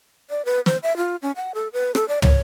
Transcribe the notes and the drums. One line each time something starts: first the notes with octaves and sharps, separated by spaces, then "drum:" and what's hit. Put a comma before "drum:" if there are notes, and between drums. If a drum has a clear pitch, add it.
D5
B4
C5, drum: snare
E5
F4
C#4
F#5
A4
B4
A4, drum: rim click
D5
C#5, drum: tom